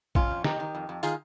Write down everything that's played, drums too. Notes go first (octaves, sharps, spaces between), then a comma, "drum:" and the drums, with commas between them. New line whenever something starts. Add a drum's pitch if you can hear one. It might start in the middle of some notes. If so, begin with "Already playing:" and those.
F2 C#4 F4, drum: kick
F2
D#3 D#4 G4, drum: snare
D#3
F2
F2
D#3 F4 G#4, drum: tambourine